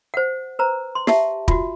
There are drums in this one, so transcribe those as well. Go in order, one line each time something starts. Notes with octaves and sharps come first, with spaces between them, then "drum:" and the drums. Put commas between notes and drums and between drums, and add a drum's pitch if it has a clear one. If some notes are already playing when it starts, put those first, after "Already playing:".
C5 F#5
B4 C5 A#5
C6
G4 E5 A5, drum: snare
F4 F#4, drum: kick